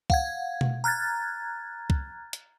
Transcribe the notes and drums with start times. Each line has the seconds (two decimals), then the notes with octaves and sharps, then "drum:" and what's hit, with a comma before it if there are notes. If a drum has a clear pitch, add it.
0.10 F5 F#5 G#6, drum: kick
0.61 drum: tom B2
0.84 A#5 F6 F#6 G#6 A6
1.90 drum: kick
2.33 drum: hi-hat